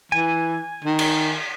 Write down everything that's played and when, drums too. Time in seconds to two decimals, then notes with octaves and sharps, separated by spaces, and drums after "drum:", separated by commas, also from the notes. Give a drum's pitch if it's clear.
0.12 E3 G#5
0.84 D#3
0.99 drum: cymbal